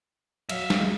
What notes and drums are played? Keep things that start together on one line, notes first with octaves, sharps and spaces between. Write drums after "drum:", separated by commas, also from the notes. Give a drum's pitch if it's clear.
F#3 E5 F5, drum: cymbal
G#3, drum: snare